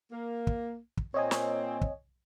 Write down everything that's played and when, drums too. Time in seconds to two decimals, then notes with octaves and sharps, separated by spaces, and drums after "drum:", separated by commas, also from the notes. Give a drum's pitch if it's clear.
0.12 A#3
0.47 drum: kick
0.97 drum: kick
1.14 A#2 C4 C#5 D#5 G#5
1.31 drum: snare
1.81 drum: kick